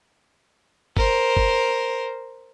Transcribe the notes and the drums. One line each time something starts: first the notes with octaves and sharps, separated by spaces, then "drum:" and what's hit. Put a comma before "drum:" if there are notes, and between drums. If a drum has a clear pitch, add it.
A#4 C5, drum: kick
drum: kick